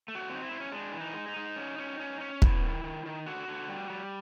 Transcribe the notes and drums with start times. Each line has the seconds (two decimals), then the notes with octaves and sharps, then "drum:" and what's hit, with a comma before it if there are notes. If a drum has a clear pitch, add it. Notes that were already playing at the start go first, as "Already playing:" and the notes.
0.08 A3
0.15 F#4
0.30 C4 D#4
0.44 E4
0.51 C4
0.60 C#4
0.72 G#3 D4
0.93 E3
1.00 D#4
1.14 G#3
1.28 D#4
1.36 G#3
1.56 C#4
1.78 C#4
2.00 C#4
2.20 C#4
2.42 B3 E4, drum: kick
2.62 D#3
2.84 D#3
3.06 D#3
3.26 D3 F#4
3.48 D3
3.69 G3
3.90 G3